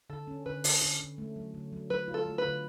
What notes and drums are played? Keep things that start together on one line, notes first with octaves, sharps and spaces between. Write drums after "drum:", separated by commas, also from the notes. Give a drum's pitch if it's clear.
D3 A4
C#4
D3 B4
D3, drum: open hi-hat
D3
D3
A3
F#3
D3
F#3
F#3 B4
F4
A4
A3
B4
D3